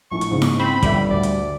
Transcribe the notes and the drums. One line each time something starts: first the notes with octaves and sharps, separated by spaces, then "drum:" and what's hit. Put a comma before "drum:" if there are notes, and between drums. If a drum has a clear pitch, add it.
A#1 A2 C#6
drum: hi-hat
G#2 C#3
drum: snare E4
C4 B5
G1 G3 E5, drum: kick, hi-hat
D2 D5
drum: hi-hat